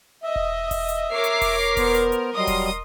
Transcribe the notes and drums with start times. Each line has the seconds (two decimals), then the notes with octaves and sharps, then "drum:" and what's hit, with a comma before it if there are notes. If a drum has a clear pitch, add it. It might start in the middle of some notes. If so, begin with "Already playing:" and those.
0.23 D#5 E5
0.36 drum: kick E1
0.71 drum: kick E1, open hi-hat
0.89 drum: hi-hat
1.12 A#4 C#5 D6 C7
1.24 drum: hi-hat
1.41 drum: kick E1, open hi-hat
1.77 B3 C5, drum: kick E1, open hi-hat
1.94 drum: hi-hat
2.12 drum: hi-hat
2.35 F#3 G3 D#5 C6 D#6
2.47 drum: kick E1, open hi-hat